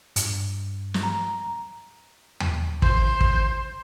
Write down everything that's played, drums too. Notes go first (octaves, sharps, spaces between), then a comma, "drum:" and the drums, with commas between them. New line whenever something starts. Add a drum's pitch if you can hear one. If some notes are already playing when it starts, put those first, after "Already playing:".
G2, drum: hi-hat
drum: snare
A#5
drum: tom D#2
C5, drum: kick
drum: kick